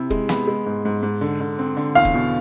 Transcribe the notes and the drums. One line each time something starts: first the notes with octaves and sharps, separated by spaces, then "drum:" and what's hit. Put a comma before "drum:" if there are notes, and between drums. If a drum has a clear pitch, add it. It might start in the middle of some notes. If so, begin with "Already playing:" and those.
Already playing: C3 E4
G#3, drum: kick
B3, drum: snare
G#3
G#2
G#2
G#2
D3
D3
C4
D3
E2 F5
drum: kick
B2